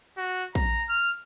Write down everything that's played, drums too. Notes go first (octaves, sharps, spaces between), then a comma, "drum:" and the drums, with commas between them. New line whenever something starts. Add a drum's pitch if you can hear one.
F#4
A#5, drum: kick
F6